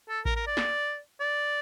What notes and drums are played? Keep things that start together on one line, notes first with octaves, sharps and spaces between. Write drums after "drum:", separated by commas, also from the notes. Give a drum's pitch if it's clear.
A4
A#4, drum: kick A1
A#4
D5
drum: snare
D5